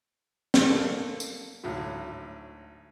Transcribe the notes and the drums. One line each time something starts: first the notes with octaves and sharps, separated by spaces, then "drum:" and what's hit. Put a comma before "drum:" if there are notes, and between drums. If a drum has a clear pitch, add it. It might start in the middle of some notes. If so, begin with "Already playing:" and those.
drum: snare
A#3 A4
drum: tambourine
G#1 D2 A2 F#3